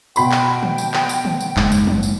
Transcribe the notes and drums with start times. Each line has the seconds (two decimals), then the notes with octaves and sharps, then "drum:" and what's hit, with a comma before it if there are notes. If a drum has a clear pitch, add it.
0.16 B2 G5 B5 C6, drum: tambourine
0.31 drum: clap
0.63 drum: tom
0.78 drum: tambourine
0.94 drum: clap
1.09 drum: tambourine
1.25 drum: tom
1.41 drum: tambourine
1.57 F#1 G#2, drum: clap
1.72 drum: tambourine
1.87 drum: tom
2.03 drum: tambourine